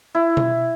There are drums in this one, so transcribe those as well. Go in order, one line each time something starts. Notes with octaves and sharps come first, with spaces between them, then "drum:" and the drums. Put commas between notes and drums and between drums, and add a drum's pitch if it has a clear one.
E4
drum: tom B2